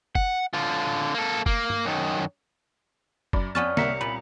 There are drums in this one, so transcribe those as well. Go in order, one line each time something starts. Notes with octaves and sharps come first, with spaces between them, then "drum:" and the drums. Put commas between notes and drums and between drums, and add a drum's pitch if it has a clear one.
F#5, drum: kick F#1
D3 F4
A#3 A4
A#3, drum: kick F#1
drum: tom G2
F#2 D#3
F#2 D5 B5, drum: kick F#1
F2 B3 C#4 D5 A5 C#6 F6
C2 A#3 A#4 E5 F#5 C#7, drum: snare
A#2 B5